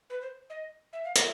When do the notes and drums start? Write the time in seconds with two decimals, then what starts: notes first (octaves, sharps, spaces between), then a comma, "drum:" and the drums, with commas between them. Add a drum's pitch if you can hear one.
0.10 B4
0.22 C5
0.50 D#5
0.93 E5
1.04 F5
1.16 E5, drum: hi-hat